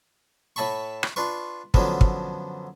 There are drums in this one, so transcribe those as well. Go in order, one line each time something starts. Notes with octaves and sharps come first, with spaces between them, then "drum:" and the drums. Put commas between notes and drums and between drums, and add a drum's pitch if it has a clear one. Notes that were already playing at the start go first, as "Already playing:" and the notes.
A2 E5 A5 B5 C#6
drum: rim click
D4 F4 B4 C#6
F#2 D3 F3 A3 B3, drum: kick
drum: kick